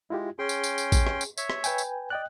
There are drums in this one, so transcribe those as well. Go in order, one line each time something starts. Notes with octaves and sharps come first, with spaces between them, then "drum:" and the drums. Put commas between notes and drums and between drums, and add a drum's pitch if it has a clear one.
G#3 E4 F4 G4
C#4 G#4 G5 C6
drum: tambourine
drum: tambourine
drum: tambourine
drum: kick A1, tambourine
drum: rim click
drum: tambourine
C#5 E5, drum: tambourine
drum: rim click
B4 G5 G#5, drum: tambourine
drum: tambourine
D5 D#5 G5 F#6